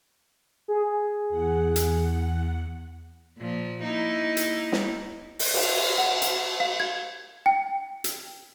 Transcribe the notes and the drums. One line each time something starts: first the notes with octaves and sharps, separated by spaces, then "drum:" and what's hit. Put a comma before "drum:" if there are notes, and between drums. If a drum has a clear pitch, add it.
G#4
E2 F#5
drum: hi-hat
A#2 F3
A#3 D#4 E4
drum: hi-hat
drum: snare
drum: open hi-hat
drum: cymbal
F#5
drum: hi-hat
F5
G#6
G5
drum: hi-hat